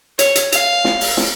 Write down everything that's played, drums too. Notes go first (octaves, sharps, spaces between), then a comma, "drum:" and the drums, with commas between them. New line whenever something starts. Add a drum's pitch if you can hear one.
C#5, drum: hi-hat
drum: hi-hat
F5, drum: hi-hat
drum: snare
drum: open hi-hat
drum: snare